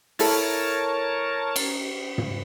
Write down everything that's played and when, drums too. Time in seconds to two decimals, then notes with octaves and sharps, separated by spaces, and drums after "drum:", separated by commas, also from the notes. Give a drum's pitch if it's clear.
0.19 E4 A4 A#4 C#5 A5, drum: open hi-hat
1.56 drum: cymbal
2.18 drum: tom